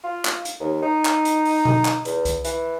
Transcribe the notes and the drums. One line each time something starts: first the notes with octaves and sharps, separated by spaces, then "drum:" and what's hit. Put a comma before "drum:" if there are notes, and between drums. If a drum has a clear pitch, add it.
F4
drum: clap
drum: hi-hat
D#2
D#4
drum: clap
drum: hi-hat
drum: open hi-hat
drum: tom B2
drum: clap
E2, drum: hi-hat
drum: kick C2, hi-hat
E3, drum: hi-hat